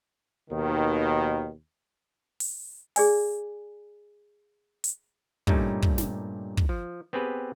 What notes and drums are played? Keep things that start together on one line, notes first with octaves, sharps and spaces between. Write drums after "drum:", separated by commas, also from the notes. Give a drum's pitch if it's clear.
D#2 B2 D#3
drum: open hi-hat
G#4 D5 G#5, drum: open hi-hat
drum: hi-hat
G2 A#2 G3 A3 C#4 D#4, drum: kick
drum: kick
drum: snare
drum: kick
F3
B3 C4 G4 G#4 B4